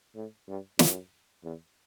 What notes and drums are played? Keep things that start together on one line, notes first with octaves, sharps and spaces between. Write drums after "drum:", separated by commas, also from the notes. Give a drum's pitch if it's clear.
A2
G2
F#2, drum: snare
E2